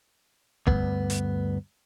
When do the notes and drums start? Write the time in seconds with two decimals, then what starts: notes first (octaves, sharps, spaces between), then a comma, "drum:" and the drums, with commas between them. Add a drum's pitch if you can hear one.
0.67 D2 G2 B3, drum: kick
1.10 drum: hi-hat